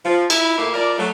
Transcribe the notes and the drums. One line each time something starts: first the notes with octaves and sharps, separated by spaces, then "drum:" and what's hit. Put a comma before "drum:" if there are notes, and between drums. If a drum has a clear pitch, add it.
F3
E4, drum: cymbal
A2 A#3 E4
F3 A#4 D5
F#3 A3